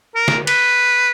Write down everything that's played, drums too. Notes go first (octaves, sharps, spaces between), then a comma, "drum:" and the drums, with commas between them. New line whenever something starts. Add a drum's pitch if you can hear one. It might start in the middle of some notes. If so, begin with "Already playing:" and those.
A#4
drum: snare
B4, drum: cymbal